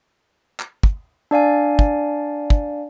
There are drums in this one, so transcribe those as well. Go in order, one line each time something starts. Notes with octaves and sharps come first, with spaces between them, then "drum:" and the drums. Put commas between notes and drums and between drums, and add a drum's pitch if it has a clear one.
drum: clap
drum: kick
D4 D5 F5 G#5
drum: kick
drum: kick